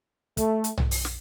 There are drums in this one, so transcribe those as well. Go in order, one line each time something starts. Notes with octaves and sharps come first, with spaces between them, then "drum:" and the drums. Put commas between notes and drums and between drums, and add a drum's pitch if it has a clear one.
A3, drum: kick, hi-hat
drum: hi-hat
drum: tom B1
drum: open hi-hat
drum: snare